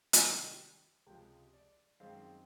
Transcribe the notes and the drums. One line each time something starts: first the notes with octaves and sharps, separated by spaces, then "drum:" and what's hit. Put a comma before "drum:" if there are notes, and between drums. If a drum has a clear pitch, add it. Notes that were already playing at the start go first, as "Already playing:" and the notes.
C3 D#3 G3 A5, drum: hi-hat
C#2 C3 F3 G#3 G5
D5
F#2 D#3 G#3 C4 F5